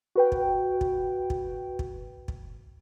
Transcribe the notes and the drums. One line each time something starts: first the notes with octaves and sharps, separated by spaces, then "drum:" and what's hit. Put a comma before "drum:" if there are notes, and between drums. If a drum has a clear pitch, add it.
F#4 B4 G5
drum: kick
drum: kick
drum: kick
drum: kick
drum: kick